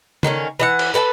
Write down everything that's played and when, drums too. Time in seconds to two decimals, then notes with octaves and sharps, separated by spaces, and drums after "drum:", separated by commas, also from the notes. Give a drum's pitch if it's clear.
0.23 D3 D#3 B3 C#4, drum: tom C#3
0.60 E3 D#5 F#5
0.79 drum: cymbal
0.94 A4 B4 F#5 A5